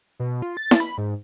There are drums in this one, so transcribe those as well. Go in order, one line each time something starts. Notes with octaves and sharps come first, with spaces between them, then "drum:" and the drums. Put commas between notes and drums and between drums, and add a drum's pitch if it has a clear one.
B2
F4
A6
drum: snare E4
B5
G#2